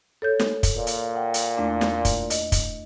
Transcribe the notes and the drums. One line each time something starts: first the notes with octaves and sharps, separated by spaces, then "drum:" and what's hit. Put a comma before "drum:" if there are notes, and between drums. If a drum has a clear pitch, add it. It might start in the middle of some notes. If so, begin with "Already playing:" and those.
A4 C#5 G6
drum: snare
drum: kick, hi-hat
A#2
drum: hi-hat
F#5 G5
drum: hi-hat
E2 A3 D4
drum: snare
drum: kick, hi-hat
D#5, drum: hi-hat
drum: kick, hi-hat